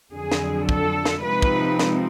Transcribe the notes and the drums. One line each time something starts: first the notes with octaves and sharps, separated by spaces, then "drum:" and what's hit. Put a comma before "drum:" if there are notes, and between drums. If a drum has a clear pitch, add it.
F2 D3 F#3 G#4
drum: snare
A4, drum: kick
drum: snare
C3 F3 G#3 C4 D#4 B4
drum: kick
drum: snare